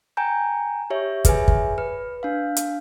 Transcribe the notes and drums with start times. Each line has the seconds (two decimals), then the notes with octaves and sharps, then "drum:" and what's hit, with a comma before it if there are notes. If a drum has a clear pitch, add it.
0.17 G5 G#5 A#5 G6
0.90 G4 C#5 E5
1.25 G#4 B4 C#5 E5 G#5, drum: kick, hi-hat
1.48 drum: kick
1.78 B4
2.23 D4 F5
2.57 drum: hi-hat